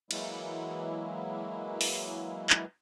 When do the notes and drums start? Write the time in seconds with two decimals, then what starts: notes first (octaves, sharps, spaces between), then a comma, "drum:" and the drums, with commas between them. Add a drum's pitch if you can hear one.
0.11 E3 F#3 G#3 A#3 E4, drum: cymbal
1.81 drum: open hi-hat
2.50 drum: clap